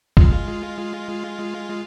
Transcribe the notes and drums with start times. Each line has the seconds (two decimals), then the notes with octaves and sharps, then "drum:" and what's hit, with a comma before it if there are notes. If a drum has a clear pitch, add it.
0.17 G#3 F4, drum: kick F1